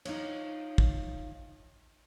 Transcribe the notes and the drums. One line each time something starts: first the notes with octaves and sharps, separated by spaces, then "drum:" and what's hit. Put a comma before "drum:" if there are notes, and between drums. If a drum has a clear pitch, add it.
D#4 F4 C#5, drum: cymbal
drum: kick